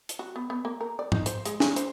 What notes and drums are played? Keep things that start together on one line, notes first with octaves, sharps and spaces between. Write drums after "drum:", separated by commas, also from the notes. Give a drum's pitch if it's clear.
drum: hi-hat
F#4
B3
B3
A#3
A#4
D5
D#4, drum: tom
C5, drum: hi-hat
G#3, drum: hi-hat
G#4, drum: snare
C5, drum: hi-hat